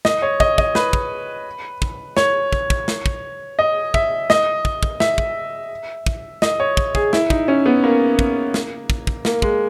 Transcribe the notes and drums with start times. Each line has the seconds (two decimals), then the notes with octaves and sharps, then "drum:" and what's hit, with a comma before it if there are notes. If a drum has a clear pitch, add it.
0.05 D#5, drum: snare
0.22 C#5
0.40 D#5, drum: kick
0.58 D#5, drum: kick
0.75 B4, drum: snare
0.93 drum: kick
1.82 drum: kick
2.17 C#5, drum: snare
2.53 drum: kick
2.70 drum: kick
2.88 drum: snare
3.06 drum: kick
3.59 D#5
3.94 E5, drum: kick
4.30 D#5, drum: snare
4.65 drum: kick
4.83 drum: kick
5.00 E5, drum: snare
5.18 drum: kick
6.06 drum: kick
6.42 D#5, drum: snare
6.60 C#5
6.77 drum: kick
6.95 G#4, drum: kick
7.13 E4, drum: snare
7.30 D#4, drum: kick
7.48 C#4
7.66 B3
7.84 A#3
8.19 drum: kick
8.54 drum: snare
8.90 drum: kick
9.07 drum: kick
9.25 A#3, drum: snare
9.42 G#3, drum: kick